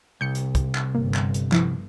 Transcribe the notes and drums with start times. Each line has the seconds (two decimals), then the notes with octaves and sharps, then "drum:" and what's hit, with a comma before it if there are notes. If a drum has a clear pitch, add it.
0.21 C2 G6 C#7
0.35 drum: hi-hat
0.55 drum: kick, hi-hat
0.75 drum: clap
0.95 G1 A#3
1.15 drum: clap
1.34 drum: hi-hat
1.52 F3 E4, drum: clap